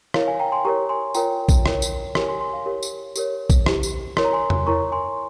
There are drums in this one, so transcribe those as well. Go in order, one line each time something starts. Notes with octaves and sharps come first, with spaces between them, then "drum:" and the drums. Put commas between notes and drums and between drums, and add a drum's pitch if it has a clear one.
E4 A#4 C#5 F5, drum: rim click
F5 G#5
G5 A#5
G#5 C6
G4 A#4 C#5 A#5 C#6
G#5 C6
F4 A#4 C#5 G5 A#5, drum: tambourine
drum: kick A#1, tambourine
E4 A#4 C#5, drum: rim click
drum: tambourine
E4 G4 A#4 C#5 G#5 C6, drum: rim click
G#5 C6
G#5 C6
F5
G4 A#4 C#5
drum: tambourine
G4 A#4 C#5, drum: tambourine
drum: kick A#1, tambourine
E4 G4 C5, drum: rim click
drum: tambourine
E4 A#4 C#5 C6, drum: rim click
A#5
G#5 C6
drum: tom E2
E4 A#4 C#5 A#5 C#6
G#5 C6